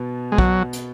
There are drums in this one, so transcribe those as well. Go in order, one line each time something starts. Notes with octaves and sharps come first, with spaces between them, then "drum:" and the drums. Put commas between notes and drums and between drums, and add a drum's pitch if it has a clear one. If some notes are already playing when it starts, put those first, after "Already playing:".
Already playing: B2 B3
G#3
F#3, drum: kick
drum: hi-hat